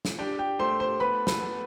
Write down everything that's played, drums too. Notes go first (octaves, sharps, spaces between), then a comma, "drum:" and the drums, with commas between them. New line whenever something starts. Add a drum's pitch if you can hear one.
drum: snare
D4 G4 G5
G4 G5
A3 C5 C6
C5 C6
B3 B4 B5
B4 B5, drum: snare
B3